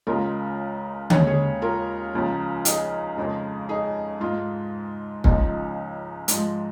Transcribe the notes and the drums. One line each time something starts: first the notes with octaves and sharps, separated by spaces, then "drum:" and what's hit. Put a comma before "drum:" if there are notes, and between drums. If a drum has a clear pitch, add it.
C#2 C#3 G#3 F4 A#4
D#2 C#3 G#3 C#5, drum: tom D3
G#4 C#5
F4 A#4
C#2 C#3 F3
D#4 G#4, drum: hi-hat
F2 C#3 F3 G#3
D#4 G#4
G#2 G#3 F4
C#2 C#3 F3 D#4, drum: kick
G#2 F3 G#3, drum: hi-hat